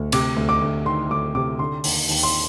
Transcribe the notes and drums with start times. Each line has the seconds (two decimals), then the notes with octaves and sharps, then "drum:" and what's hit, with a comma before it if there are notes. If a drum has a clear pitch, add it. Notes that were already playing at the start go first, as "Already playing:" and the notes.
Already playing: D2
0.12 C3 D6, drum: cymbal
0.36 D2
0.49 D6
0.62 D2
0.86 D#3 C6
1.10 D2 D6
1.35 C3 D6
1.59 D3 C6
1.84 D#2, drum: open hi-hat
2.09 D#2, drum: open hi-hat
2.23 C6